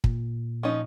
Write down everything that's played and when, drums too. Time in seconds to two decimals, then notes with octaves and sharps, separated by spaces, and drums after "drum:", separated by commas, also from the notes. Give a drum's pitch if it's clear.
0.04 A#2, drum: kick
0.63 F3 C#4 D#4